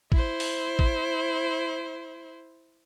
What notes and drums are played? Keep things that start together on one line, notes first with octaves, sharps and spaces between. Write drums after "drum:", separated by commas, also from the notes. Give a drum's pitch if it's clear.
E4 C5, drum: kick
drum: open hi-hat
drum: kick